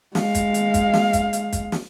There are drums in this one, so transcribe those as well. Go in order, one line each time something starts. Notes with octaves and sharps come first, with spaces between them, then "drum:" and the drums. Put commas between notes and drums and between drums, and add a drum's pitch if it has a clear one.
G#3 F5, drum: snare
drum: kick, hi-hat
drum: hi-hat
drum: kick, hi-hat
drum: snare
drum: kick, hi-hat
drum: hi-hat
drum: kick, hi-hat
drum: snare